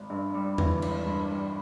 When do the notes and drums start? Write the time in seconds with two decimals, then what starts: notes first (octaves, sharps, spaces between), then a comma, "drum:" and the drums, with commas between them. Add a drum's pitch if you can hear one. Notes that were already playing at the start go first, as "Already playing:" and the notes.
Already playing: G#1
0.10 G2
0.34 G3
0.58 E3, drum: tom E2
0.82 G#1, drum: cymbal
1.06 G2
1.31 G3